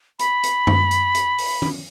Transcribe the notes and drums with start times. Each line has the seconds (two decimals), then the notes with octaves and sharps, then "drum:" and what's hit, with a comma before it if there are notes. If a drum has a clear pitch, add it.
0.19 B5, drum: hi-hat
0.43 drum: hi-hat
0.67 drum: tom F#2
0.91 drum: hi-hat
1.15 drum: hi-hat
1.38 drum: open hi-hat
1.62 drum: tom